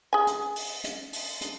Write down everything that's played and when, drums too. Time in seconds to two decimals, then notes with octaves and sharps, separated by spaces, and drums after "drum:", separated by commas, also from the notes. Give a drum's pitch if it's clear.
0.13 G#4 G#5
0.27 drum: hi-hat
0.56 drum: open hi-hat
0.84 drum: hi-hat
1.13 drum: open hi-hat
1.41 drum: hi-hat